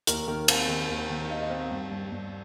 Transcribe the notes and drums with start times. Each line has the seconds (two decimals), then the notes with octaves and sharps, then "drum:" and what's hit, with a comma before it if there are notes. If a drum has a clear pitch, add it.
0.07 D#2 A#4, drum: hi-hat
0.28 D#3 A#4
0.48 C4 F5, drum: cymbal
0.68 D#3
0.89 D#2
1.10 D#3
1.30 D#4 F5
1.41 D#5
1.50 C4 F5
1.71 G2
1.91 G2
2.12 G2